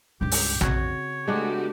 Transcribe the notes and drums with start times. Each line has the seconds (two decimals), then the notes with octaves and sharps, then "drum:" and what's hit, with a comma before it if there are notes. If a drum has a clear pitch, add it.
0.21 C#2 G2 G4
0.31 drum: open hi-hat
0.61 C#3 C4 F#4 C#5, drum: tom A#1
1.28 G#3 A3 B3 D4 F#4 G4